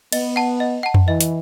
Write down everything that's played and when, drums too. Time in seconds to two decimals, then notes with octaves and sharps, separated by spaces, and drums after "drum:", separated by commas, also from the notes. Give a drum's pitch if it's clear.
0.12 B3 D#5, drum: cymbal
0.36 F#5 A5
0.60 D#5
0.83 F#5 A5
0.94 drum: tom F2
1.08 E3 D#5
1.21 drum: hi-hat